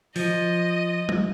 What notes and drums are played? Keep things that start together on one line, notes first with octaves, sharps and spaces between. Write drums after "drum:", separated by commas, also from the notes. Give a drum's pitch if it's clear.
F3 D#5, drum: open hi-hat
drum: tom F#3